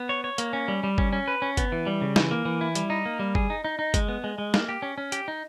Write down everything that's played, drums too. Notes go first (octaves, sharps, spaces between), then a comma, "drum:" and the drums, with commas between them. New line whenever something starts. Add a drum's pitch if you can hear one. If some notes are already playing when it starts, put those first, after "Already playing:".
Already playing: B3
C#5
C#5
A#3, drum: hi-hat
C#4
G3
G3
C#4, drum: kick
C#4
B4
C#4
B3, drum: kick, hi-hat
E3
G3
C#3
E3, drum: snare
A#3
E3
E4
G3, drum: hi-hat
D#4
A#3
G3
G#4, drum: kick
D#4
D#4
D#4
G#3, drum: kick, hi-hat
B3
G#3
G#3
A#3, drum: snare
G4
C#4
C#4
G4, drum: hi-hat
D#4